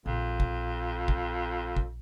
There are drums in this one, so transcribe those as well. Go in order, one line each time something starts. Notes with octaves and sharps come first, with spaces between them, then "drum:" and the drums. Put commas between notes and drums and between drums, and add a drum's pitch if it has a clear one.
A#1 F2
drum: kick
drum: kick
drum: kick